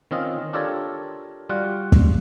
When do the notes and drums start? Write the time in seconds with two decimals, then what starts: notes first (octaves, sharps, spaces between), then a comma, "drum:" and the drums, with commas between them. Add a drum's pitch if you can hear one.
0.11 D#3 C4 C#4 F4 D#5
0.53 D4 F4 G4 A4 A#4 C#5
1.49 G3 F4 F#4 F#5
1.92 drum: kick